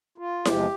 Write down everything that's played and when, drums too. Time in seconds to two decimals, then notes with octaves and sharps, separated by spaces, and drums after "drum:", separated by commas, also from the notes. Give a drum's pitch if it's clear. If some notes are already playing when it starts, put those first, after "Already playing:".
0.18 F4
0.45 E2 C3 F3 G#3 G4, drum: snare E4